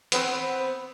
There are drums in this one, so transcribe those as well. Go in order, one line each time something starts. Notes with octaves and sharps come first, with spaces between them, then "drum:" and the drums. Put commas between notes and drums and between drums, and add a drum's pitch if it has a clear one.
B3 C4 C5, drum: hi-hat